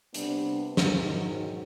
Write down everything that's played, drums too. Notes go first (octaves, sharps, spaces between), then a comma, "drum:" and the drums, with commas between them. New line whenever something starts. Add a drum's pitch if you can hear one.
C3 G3 B3 D4, drum: hi-hat
G#2 B2 D#3 F#3, drum: snare